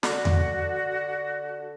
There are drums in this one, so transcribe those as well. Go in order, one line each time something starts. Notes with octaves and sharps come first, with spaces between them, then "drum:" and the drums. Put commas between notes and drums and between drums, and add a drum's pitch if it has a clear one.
D3 F#4, drum: snare
drum: tom E2